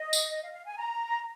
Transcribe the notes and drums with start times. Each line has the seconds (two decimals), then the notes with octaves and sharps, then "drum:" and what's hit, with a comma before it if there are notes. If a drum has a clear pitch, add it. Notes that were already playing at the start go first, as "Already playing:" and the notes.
Already playing: D#5
0.13 drum: tambourine
0.30 D#5
0.42 F5
0.54 F5
0.65 G#5
0.77 A#5